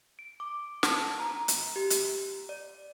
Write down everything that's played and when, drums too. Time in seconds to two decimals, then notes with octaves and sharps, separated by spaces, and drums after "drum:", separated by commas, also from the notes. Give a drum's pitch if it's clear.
0.19 D7
0.40 D6
0.83 A5, drum: snare
1.20 A#5
1.36 A#5
1.48 drum: hi-hat
1.76 G4
1.90 drum: hi-hat
2.49 D5